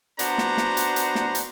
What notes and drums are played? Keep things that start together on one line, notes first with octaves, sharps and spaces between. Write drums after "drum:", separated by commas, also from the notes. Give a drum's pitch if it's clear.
B3 D4 F#4 C5 A#5, drum: hi-hat
drum: snare
drum: snare
drum: hi-hat
drum: hi-hat
drum: snare
drum: hi-hat